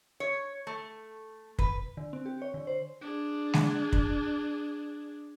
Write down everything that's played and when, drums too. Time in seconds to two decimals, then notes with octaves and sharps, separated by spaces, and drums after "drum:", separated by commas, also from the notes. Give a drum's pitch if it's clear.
0.20 C#5
0.67 A3
1.59 B4, drum: kick
1.97 D3
2.13 C4
2.26 G4
2.42 C#5
2.54 D3
2.67 C5
3.01 D4 G#4
3.54 drum: snare G#3
3.93 drum: kick